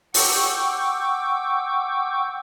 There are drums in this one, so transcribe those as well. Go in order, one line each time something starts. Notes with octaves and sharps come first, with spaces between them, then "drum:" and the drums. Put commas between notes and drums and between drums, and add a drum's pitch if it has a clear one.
F#5 G5 C#6 D6 E6 G6, drum: open hi-hat